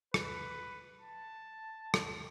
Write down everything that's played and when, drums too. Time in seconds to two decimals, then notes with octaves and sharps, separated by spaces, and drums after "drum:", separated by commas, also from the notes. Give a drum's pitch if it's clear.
0.14 B4, drum: rim click
1.00 A5
1.94 drum: rim click